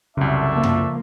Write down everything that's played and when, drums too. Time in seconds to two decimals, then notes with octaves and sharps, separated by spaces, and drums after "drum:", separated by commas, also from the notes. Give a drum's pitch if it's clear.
0.17 C2 F#2 C#3 A3 D4 E5
0.53 F3 A#3
0.63 drum: tom F#2